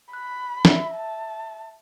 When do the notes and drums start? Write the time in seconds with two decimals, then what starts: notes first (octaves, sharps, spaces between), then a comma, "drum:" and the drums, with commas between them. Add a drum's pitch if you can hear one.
0.13 B5 F#6
0.65 E5, drum: snare
0.95 A5